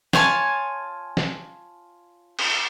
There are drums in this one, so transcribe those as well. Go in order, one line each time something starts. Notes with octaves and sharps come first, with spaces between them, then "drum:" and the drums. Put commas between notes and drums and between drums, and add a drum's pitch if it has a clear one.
F4 C#5 G#5 A5, drum: snare
drum: snare
drum: cymbal